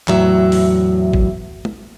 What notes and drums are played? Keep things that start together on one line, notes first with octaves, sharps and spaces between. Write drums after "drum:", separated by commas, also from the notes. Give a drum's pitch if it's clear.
E2 A2 F#3 E5, drum: clap
drum: open hi-hat
drum: kick G#1
drum: tom